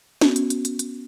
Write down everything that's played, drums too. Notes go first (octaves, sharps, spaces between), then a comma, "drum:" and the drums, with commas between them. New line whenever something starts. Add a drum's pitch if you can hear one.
B3 C#4 F#4, drum: snare
drum: hi-hat
drum: hi-hat
drum: hi-hat
drum: hi-hat